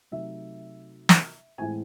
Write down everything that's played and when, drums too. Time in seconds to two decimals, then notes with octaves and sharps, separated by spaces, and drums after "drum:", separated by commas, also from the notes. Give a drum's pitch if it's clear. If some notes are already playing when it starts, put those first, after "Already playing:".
0.12 C3 F#3 A3 D#4 E5
1.09 drum: snare
1.58 A2 E3 G#3 C4 G#5